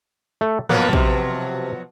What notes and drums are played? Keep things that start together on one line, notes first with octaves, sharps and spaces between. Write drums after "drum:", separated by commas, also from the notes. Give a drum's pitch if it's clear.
A3
B2 F3 F#3 A#3 B3 F#5, drum: tom
C3, drum: kick